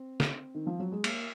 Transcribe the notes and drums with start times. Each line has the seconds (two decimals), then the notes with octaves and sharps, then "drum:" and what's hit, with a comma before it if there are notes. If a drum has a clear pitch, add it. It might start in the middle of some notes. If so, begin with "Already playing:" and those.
Already playing: C4
0.20 drum: snare
0.55 D#3
0.67 F3
0.80 F#3
0.92 G#3
1.04 A#3, drum: cymbal